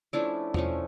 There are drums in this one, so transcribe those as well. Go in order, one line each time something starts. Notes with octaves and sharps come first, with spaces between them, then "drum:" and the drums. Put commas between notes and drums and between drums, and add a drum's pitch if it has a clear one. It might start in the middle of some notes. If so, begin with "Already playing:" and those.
F3 A3 C#4 D4 E4
F3 A3 C#4, drum: tom E2